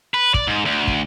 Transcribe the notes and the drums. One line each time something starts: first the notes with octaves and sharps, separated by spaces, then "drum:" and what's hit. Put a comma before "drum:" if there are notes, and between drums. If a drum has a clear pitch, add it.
B4
D5, drum: kick
G#2
D2
drum: kick